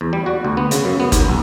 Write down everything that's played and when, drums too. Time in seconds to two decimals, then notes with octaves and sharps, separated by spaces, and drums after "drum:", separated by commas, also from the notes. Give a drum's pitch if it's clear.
0.01 E2
0.13 G3
0.26 F#4
0.44 D2
0.57 B3
0.71 C#3, drum: hi-hat
0.85 F#2
1.00 B3
1.12 D#2, drum: kick G#1, hi-hat
1.28 B1